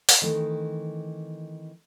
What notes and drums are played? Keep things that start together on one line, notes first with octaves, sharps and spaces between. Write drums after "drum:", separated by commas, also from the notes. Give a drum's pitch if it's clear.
drum: open hi-hat
D#3 E3 A3 C4 D#4